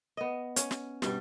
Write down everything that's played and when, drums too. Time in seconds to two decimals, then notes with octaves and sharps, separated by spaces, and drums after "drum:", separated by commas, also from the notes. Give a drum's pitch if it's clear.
0.17 B3 D#5
0.56 C#4, drum: hi-hat
0.71 drum: snare
1.02 G2 B2 G3, drum: snare